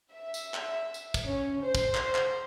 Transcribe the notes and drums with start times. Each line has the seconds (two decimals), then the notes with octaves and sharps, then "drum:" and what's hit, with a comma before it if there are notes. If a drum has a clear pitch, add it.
0.14 E5
0.34 drum: tambourine
0.54 drum: clap
0.94 drum: tambourine
1.14 drum: kick, tambourine
1.26 C#4
1.63 C5
1.75 drum: kick, tambourine
1.95 drum: clap
2.15 drum: clap